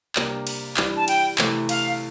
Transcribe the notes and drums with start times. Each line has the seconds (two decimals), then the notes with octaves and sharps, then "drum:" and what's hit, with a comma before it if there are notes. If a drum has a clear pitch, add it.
0.16 C3 G3 A#3 D4 G4, drum: clap
0.47 drum: cymbal
0.77 E3 G3 D4, drum: clap
0.97 A5
1.08 G5, drum: cymbal
1.38 C3 E3 A3, drum: clap
1.69 F5, drum: cymbal